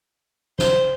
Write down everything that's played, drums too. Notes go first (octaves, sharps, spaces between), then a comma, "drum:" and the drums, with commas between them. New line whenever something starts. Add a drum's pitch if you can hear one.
C5, drum: snare